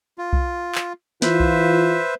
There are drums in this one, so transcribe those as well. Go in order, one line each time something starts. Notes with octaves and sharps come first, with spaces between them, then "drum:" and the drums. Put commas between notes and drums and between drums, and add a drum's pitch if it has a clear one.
F4
drum: kick B1
drum: clap
E3 F4 B4 C5 E5, drum: snare
drum: kick B1